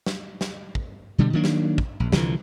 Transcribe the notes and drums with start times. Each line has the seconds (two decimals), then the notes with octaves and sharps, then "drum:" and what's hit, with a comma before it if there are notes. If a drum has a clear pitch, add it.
0.06 drum: snare
0.41 drum: snare
0.75 drum: kick
1.18 B2 D3 G3
1.33 D#3 F#3 A#3 D4
1.44 drum: snare
1.78 drum: kick
2.00 A#1
2.12 C2 D3 E3 F3, drum: snare